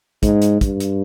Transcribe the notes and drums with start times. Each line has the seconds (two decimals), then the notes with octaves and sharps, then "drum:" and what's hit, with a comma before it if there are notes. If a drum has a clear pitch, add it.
0.23 G#2, drum: kick, hi-hat
0.42 drum: hi-hat
0.61 G2, drum: kick, hi-hat
0.80 drum: hi-hat